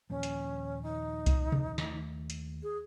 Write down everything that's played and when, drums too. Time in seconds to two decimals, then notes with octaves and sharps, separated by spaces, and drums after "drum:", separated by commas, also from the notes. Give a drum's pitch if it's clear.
0.10 D#2 A#2 F3 C#4
0.23 drum: hi-hat
0.83 D#4
1.26 drum: kick C2, hi-hat
1.52 drum: tom C3
1.78 D#2 A3, drum: snare
2.30 drum: hi-hat
2.63 G#4